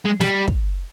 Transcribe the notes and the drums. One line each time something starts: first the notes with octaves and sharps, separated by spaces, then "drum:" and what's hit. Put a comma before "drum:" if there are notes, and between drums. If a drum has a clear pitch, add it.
G#3
G3, drum: snare
drum: kick